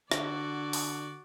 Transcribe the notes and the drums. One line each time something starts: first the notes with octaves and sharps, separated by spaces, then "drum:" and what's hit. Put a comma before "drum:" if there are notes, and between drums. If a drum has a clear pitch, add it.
D3 F#4 D5, drum: rim click
drum: open hi-hat